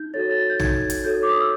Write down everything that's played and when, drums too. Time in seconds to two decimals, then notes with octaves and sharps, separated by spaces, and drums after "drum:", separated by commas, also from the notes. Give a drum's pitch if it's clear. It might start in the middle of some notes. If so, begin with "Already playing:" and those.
Already playing: D#4 G6
0.14 F#4 A4 C#5 A6
0.30 A6
0.50 G6
0.59 D#4 G#6, drum: tom A#1
0.90 drum: hi-hat
1.04 F#4 A4 C#5 G6
1.23 D6
1.32 D#6
1.41 E6